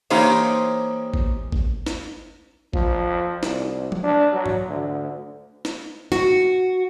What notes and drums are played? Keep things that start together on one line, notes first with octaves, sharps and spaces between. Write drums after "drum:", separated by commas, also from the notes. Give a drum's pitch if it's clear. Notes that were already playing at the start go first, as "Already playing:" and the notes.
E3 A#3 D#4 G4 C5 C#5, drum: cymbal
drum: kick G#1
drum: kick G#1
drum: snare
F3, drum: kick G#1
C2, drum: snare
drum: tom
D4
F#3
drum: tom G#2
D2
drum: snare
F#4, drum: snare